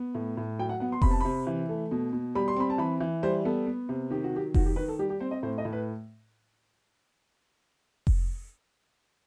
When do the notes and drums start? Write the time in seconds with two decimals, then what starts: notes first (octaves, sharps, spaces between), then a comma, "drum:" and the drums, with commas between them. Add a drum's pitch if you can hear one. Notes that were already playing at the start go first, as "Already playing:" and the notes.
Already playing: B3
0.15 A2
0.37 A2
0.59 F#3 G5
0.69 F#5
0.80 B3 F#5
0.92 C6
1.02 C3 B5, drum: kick F1
1.11 A5
1.20 C3 B5
1.47 E3
1.69 A3
1.91 B2
2.13 B2
2.35 G3 B5
2.48 C6
2.57 C4 B5
2.70 A5
2.78 E3 B5
3.00 E3
3.23 G3 C5
3.45 B3 A4
3.67 B3
3.89 C3
4.10 D#3 G4
4.24 F#4
4.33 F#3 G4
4.54 D#3 F#4, drum: kick F1
4.66 G4
4.76 D#3 B4
4.88 A4
4.99 G3 G4
5.10 G4
5.20 C4 C5
5.31 D#5
5.43 A2 C5
5.58 D#5
5.65 A2
5.73 B4
8.07 drum: kick F1